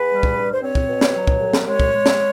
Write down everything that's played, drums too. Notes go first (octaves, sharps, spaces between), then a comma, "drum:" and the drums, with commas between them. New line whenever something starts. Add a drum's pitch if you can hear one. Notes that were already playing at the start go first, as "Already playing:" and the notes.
Already playing: E2 B4
G3
drum: kick
G2
C5
C4 C#5
drum: kick
B2
drum: snare
F#3
drum: kick
C2
drum: snare
G#3 C#5
drum: kick
G#3
drum: snare